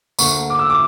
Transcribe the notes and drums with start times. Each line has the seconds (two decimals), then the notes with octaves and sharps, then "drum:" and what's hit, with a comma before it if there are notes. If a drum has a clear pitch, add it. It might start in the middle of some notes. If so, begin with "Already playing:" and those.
0.19 D2 D3 A#3 C#6, drum: tambourine
0.50 D6
0.59 E6
0.70 D6